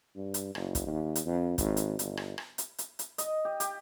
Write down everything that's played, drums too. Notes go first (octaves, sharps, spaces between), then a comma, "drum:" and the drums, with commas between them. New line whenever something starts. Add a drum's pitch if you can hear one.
G2
drum: hi-hat
F#1, drum: rim click
drum: kick, hi-hat
D#2
drum: hi-hat
F2
G#1, drum: kick, hi-hat
drum: hi-hat
G1, drum: hi-hat
drum: rim click
drum: rim click
drum: hi-hat
drum: hi-hat
drum: hi-hat
D#5, drum: hi-hat
G4
G4, drum: hi-hat